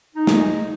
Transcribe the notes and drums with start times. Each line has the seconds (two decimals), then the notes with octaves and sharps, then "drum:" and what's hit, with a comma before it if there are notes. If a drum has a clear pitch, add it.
0.15 D#4
0.27 drum: snare